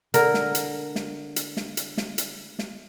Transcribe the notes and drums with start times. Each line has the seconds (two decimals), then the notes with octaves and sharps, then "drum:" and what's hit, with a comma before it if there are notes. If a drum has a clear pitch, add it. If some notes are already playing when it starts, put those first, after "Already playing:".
0.14 D3 A#4, drum: hi-hat
0.34 drum: snare
0.55 drum: hi-hat
0.95 drum: snare
1.36 drum: hi-hat
1.57 drum: snare
1.77 drum: hi-hat
1.97 drum: snare
2.18 drum: hi-hat
2.59 drum: snare